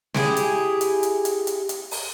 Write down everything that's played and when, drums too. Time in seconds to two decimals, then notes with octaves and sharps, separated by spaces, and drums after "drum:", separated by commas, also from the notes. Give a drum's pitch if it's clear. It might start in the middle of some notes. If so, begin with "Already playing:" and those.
0.15 E4 G4 G#4, drum: snare
0.37 drum: hi-hat
0.81 drum: hi-hat
1.03 drum: hi-hat
1.25 drum: hi-hat
1.47 drum: hi-hat
1.69 drum: hi-hat
1.91 drum: open hi-hat